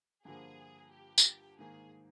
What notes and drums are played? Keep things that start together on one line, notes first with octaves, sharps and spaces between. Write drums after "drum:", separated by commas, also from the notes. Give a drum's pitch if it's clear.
G2 D3 F3 A#3 G#4
G4
drum: tambourine
G#2 D#3 A#3 G#4